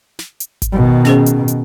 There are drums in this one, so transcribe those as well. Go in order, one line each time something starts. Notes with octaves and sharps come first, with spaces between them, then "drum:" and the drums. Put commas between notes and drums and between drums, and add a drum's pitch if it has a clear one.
drum: snare
drum: hi-hat
drum: kick G#1, hi-hat
B2 D#3
C#4 G#4 C5, drum: snare
drum: hi-hat
drum: hi-hat